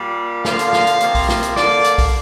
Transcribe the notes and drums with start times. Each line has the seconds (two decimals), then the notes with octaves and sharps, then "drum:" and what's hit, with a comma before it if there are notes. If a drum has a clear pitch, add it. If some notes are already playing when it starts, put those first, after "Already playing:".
Already playing: A#2 G3 A#3
0.45 D3 F3 A#3 F5, drum: snare
0.59 drum: hi-hat
0.73 drum: snare
0.87 drum: hi-hat
1.00 C3 F3 A#3, drum: hi-hat
1.15 drum: kick B1, open hi-hat
1.29 drum: snare
1.43 drum: hi-hat
1.56 D3 A#3 D5, drum: snare
1.84 drum: hi-hat
1.98 drum: kick B1, open hi-hat